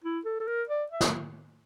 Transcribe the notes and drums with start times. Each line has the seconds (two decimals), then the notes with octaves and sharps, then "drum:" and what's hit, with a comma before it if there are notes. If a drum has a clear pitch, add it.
0.04 E4
0.25 A4
0.40 A4
0.47 A#4
0.69 D5
0.91 E5
1.01 drum: snare